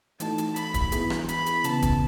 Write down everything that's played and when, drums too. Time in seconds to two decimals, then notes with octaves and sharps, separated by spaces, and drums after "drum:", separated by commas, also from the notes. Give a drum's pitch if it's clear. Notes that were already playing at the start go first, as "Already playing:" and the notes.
0.20 E3 A3 D#4 F#4 A5, drum: hi-hat
0.38 drum: hi-hat
0.56 B5, drum: hi-hat
0.74 drum: kick, hi-hat
0.92 E3 B3 E4 G#4, drum: hi-hat
1.10 drum: rim click
1.28 B5, drum: hi-hat
1.46 drum: hi-hat
1.64 C#3 E3 B3 A5, drum: hi-hat
1.82 drum: kick, hi-hat